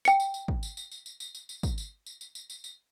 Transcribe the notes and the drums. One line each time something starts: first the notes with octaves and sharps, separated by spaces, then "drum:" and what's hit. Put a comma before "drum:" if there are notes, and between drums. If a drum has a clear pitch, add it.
G5 C#7, drum: tambourine
drum: tambourine
drum: tambourine
drum: kick
drum: tambourine
drum: tambourine
drum: tambourine
drum: tambourine
drum: tambourine
drum: tambourine
drum: tambourine
drum: kick, tambourine
drum: tambourine
drum: tambourine
drum: tambourine
drum: tambourine
drum: tambourine
drum: tambourine